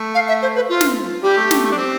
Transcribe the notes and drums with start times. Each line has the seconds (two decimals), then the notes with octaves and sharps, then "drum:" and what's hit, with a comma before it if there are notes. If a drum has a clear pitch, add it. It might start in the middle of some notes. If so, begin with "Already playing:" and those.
Already playing: A3
0.15 F5
0.28 E5
0.42 C5
0.56 B4
0.69 F4
0.81 drum: snare
1.23 G3 G4
1.37 A3
1.51 A3, drum: snare
1.64 A3
1.72 D4
1.78 C4